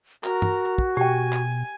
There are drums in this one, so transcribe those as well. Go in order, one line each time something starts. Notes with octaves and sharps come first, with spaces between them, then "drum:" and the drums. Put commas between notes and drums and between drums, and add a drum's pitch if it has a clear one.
F#4 A#4, drum: clap
drum: tom
drum: kick
B2 G4 G5 G#5
drum: clap